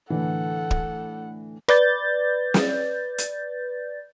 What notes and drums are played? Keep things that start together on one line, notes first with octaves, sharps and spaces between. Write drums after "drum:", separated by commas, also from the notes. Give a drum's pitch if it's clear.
A2 D3 E3 A4 F#5
drum: kick
B4 D5 G6 A6, drum: rim click
drum: snare
drum: hi-hat